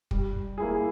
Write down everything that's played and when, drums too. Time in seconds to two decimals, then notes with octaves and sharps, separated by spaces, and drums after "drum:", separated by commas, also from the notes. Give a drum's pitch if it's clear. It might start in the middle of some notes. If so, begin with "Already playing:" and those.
0.11 G3, drum: kick
0.58 A#3 E4 G#4